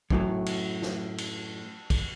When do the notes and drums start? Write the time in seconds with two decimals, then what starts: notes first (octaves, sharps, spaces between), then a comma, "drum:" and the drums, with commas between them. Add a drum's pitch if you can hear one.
0.10 F#2 A2 D3 F#3, drum: kick
0.46 drum: cymbal
0.82 drum: snare
1.18 drum: cymbal
1.90 drum: kick, cymbal